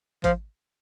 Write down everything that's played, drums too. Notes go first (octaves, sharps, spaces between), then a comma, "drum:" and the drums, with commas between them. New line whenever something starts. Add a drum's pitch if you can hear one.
F3, drum: kick G#1, hi-hat